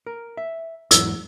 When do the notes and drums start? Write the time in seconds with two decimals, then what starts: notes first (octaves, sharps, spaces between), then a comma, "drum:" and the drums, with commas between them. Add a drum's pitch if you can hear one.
0.06 A#4
0.37 E5
0.91 E2 G#2 F#3 E6, drum: hi-hat